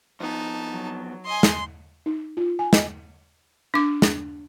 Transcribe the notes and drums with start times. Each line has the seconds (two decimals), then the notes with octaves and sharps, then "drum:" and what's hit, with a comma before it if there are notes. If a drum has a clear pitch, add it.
0.20 F2 B3 D#4 A5
0.69 F#3
1.26 D#5 G#5 C6
1.43 drum: snare
2.06 D#4
2.37 F4
2.59 G#5
2.73 D#5, drum: snare
3.74 D4 D6
4.02 drum: snare